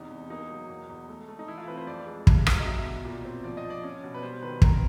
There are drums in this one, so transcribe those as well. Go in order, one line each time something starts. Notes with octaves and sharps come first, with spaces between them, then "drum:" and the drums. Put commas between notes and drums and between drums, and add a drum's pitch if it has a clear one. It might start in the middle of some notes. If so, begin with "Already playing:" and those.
Already playing: E2 C3 D#4
E2
A#3 D#4
F#3
E2
E2
A3
A3
D#4
E3 E4
F4
C4 B4
C5
F2 D5
G#3
G2, drum: kick
F#3, drum: rim click
D#5
B2 E5
B2
A#2
C4
F3 D5
D#5
D4
D5
C#4
B2
B4
G3 C5
D#3 B4
C4 A#4, drum: kick